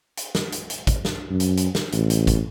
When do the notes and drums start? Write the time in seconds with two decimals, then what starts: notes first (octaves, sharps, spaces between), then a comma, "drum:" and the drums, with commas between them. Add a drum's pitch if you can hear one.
0.17 drum: hi-hat
0.35 drum: snare
0.52 drum: hi-hat
0.70 drum: hi-hat
0.87 drum: kick, hi-hat
1.05 drum: snare
1.30 F#2
1.40 drum: hi-hat
1.57 drum: hi-hat
1.75 drum: snare
1.92 A1, drum: hi-hat
2.10 drum: hi-hat
2.27 drum: kick, hi-hat